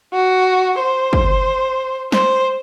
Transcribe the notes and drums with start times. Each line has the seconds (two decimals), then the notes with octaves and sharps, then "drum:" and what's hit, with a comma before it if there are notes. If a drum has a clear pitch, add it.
0.13 F#4
0.79 C5
1.13 drum: kick
2.12 C5, drum: snare